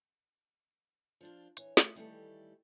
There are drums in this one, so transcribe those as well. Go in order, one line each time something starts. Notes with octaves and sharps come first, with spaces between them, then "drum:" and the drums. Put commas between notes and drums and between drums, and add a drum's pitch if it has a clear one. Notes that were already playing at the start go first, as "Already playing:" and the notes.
F3 D4 F4
E3 C#5, drum: hi-hat
A3 F4, drum: snare
D#3 E3 G3 A3 A4